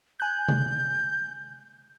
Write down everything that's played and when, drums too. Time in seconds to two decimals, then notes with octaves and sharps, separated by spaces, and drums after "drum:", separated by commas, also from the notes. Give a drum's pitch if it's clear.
0.20 G#5 F#6 G6
0.48 drum: tom C3